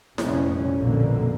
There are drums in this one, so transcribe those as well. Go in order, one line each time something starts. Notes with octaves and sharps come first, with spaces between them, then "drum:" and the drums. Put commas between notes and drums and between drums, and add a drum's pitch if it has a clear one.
F1 F2 A#2 G3 C#4, drum: snare E4
A#1 F2 B2 D3 A#3